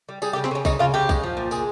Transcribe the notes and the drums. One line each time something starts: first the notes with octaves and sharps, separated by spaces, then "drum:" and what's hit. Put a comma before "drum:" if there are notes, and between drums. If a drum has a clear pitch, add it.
G3
G3 G#4, drum: tambourine
G4
C#3
C4, drum: snare
C#3 C#4
C#3 D#4, drum: kick B1, tambourine
C#3 F4
C#3 G4
G#3, drum: kick B1, tambourine
F3
A#2
G#3 G#4, drum: tambourine